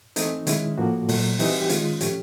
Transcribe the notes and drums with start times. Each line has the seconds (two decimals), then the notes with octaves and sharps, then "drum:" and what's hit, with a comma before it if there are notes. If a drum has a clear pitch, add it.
0.16 E3 A3 C4 D#4, drum: hi-hat
0.47 D#3 G#3 C#4 E4, drum: hi-hat
0.78 A2 F3 A#3 F#4
1.09 A#2 F#3 A3, drum: open hi-hat
1.39 E3 G3 C4 D#4 G4, drum: open hi-hat
1.50 F#4
1.61 G4
1.69 D#3 G#3 C#4 F4, drum: hi-hat
2.01 A2 F3 A3 C#4 G4, drum: hi-hat